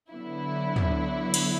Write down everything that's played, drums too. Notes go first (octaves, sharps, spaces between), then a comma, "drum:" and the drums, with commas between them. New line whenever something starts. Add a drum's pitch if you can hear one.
D3 F#3 B3 E4
drum: tom
drum: cymbal